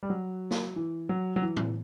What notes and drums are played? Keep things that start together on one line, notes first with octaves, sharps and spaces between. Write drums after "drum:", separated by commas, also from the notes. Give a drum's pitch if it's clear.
G3
F#3
drum: snare
E3
F#3
F#3
E3
drum: tom A2